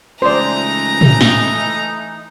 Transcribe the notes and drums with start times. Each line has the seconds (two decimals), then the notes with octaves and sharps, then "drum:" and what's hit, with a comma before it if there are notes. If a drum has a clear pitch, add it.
0.22 C#2 E3 A3 D#4 C5 D5 A#5
1.01 drum: tom
1.21 drum: snare